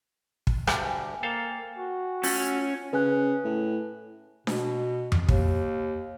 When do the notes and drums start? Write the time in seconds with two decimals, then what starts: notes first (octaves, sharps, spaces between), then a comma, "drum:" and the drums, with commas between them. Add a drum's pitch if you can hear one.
0.47 drum: kick
0.67 D2 G2 G3 G5 G#5, drum: rim click
1.23 A#3 A4 C5 F5
1.78 F#4
2.23 A3 C#4 F4, drum: open hi-hat
2.93 C#3 B4 G#5 F#6
3.44 A2
4.47 B2, drum: snare D4
5.12 drum: tom F2
5.29 D#2, drum: kick